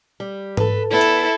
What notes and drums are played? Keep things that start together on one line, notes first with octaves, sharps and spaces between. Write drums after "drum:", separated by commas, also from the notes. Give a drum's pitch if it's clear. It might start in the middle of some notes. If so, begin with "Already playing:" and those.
G3
A4 B4, drum: tom G#2
E2 B3 E4 A4 B4
drum: hi-hat